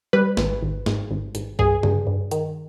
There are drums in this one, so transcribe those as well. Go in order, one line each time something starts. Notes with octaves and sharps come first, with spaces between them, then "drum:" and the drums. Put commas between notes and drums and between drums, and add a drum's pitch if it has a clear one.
G3 B4
G#1, drum: snare
G#1
G#2, drum: snare
G#1
G#1, drum: hi-hat
G2 G#4, drum: kick
G2, drum: tom C#3
G2
D#3, drum: hi-hat